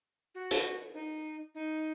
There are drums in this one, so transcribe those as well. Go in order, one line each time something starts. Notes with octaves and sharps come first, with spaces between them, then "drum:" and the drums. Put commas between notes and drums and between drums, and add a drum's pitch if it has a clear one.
F#4
drum: hi-hat
D#4
D#4